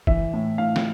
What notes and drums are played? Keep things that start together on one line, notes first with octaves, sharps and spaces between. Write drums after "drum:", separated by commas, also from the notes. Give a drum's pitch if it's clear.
E3 E5, drum: kick
A2
A2 F5
drum: snare